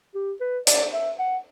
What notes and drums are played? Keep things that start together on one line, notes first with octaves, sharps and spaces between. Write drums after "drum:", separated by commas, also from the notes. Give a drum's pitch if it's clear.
G4
B4
D5, drum: hi-hat
E5
F#5